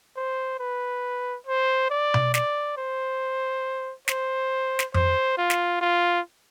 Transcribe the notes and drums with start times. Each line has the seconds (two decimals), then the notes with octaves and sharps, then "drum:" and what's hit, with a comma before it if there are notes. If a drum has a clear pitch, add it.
0.16 C5
0.59 B4
1.47 C5
1.90 D5
2.14 drum: tom B2
2.34 D5, drum: snare
2.77 C5
4.08 C5, drum: snare
4.79 drum: snare
4.94 C5, drum: tom F2
5.38 F4
5.50 drum: snare
5.81 F4